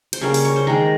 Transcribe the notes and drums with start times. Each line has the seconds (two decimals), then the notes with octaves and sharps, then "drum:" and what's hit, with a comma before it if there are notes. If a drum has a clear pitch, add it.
0.13 C5, drum: cymbal
0.21 C#3 G3 A#3 C#5
0.34 drum: open hi-hat
0.45 C#5
0.56 C5
0.67 D#3 G#3 A#4